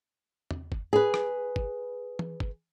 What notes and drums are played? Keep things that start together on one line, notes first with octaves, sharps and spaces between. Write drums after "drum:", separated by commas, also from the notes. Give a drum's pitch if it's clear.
drum: tom E2
drum: kick
G#4 B4
drum: rim click
drum: kick
drum: tom
drum: kick